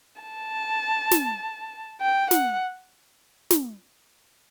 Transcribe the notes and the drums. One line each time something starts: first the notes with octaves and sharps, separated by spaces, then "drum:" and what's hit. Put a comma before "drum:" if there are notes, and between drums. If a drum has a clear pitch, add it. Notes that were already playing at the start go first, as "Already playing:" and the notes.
A5
drum: snare
G5
F#5, drum: snare
drum: snare